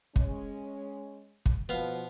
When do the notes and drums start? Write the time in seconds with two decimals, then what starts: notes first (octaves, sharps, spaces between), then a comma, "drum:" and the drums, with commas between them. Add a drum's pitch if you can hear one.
0.16 G#3 C#4, drum: kick
1.46 drum: kick
1.69 B2 F3 B3 F5